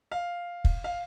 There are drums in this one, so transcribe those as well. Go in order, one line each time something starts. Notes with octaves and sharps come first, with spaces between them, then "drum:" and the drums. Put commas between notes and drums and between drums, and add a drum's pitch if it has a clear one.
F5
drum: kick
F5